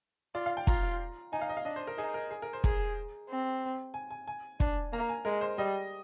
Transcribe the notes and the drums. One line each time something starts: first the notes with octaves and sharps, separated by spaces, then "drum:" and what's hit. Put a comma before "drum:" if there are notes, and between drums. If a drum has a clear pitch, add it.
F4 D5
F5
G5
F4 A#5, drum: kick
D#4 G#5
F5
D#5
F5
D4 D#5
C5
A#4
D#4 G#4
A#4
G#4
A#4
C5
G#4 A#5, drum: kick
C4
G#5
G#5
G#5
D4, drum: kick
A#3 A#5
G#5
G#3 A#4
C5
G3 D#5